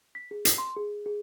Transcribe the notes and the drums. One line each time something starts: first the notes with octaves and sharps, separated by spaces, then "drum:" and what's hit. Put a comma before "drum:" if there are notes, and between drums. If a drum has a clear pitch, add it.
B6
G#4
C7, drum: hi-hat
C6
G#4
G#4